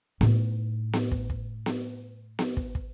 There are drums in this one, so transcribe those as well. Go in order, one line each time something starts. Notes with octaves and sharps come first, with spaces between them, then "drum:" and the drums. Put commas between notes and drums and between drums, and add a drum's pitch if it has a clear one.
A2 D#4, drum: snare B3
drum: snare B3
drum: kick
drum: kick
drum: snare B3
drum: snare B3
drum: kick
drum: kick